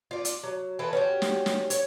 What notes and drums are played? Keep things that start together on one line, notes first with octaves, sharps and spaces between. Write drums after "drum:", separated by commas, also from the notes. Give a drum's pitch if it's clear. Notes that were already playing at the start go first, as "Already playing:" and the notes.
F4 D5
drum: hi-hat
F#3
E3 F4 A4 B4
C#4 F#4 G4
drum: snare
drum: snare
C#5, drum: hi-hat